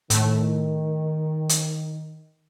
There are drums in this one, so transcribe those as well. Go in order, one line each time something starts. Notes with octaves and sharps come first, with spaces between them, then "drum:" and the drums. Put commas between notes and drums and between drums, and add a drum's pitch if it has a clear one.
A2 D#3 A3, drum: hi-hat
drum: hi-hat